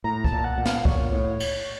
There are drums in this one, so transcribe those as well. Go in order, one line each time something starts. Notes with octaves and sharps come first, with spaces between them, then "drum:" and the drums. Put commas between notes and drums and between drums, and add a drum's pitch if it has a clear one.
A2 A#5
A5, drum: kick
A#2
F#5
A#2
F5, drum: snare
A#2 C#5, drum: kick
A2
drum: cymbal